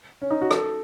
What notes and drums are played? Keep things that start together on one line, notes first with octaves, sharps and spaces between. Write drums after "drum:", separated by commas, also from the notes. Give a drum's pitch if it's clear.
C#4
D#4
F#4
A4, drum: rim click